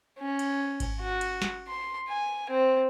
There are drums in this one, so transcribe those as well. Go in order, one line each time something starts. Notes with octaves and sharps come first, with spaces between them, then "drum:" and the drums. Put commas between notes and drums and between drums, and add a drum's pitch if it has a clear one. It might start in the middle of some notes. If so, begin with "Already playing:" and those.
C#4
drum: cymbal
drum: kick G#1, cymbal
F#4
drum: cymbal
drum: snare
C6
G#5
C4